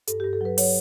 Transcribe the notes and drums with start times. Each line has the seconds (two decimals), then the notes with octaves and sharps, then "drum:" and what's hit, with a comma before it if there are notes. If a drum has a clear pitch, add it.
0.07 G2 A4, drum: hi-hat
0.20 G2 G4
0.33 A4
0.41 F#3 B4
0.58 F#3 C#5, drum: open hi-hat